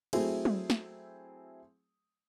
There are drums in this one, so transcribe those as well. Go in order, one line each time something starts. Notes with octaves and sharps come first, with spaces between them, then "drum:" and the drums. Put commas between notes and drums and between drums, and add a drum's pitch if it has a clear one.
F#3 A3 C4 E4 G#4, drum: cymbal
drum: tom F#3
drum: snare